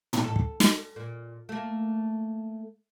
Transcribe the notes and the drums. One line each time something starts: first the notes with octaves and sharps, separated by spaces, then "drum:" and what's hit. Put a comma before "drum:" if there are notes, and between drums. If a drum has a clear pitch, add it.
drum: tom
A4
drum: kick
drum: snare
A#2
A3 A#3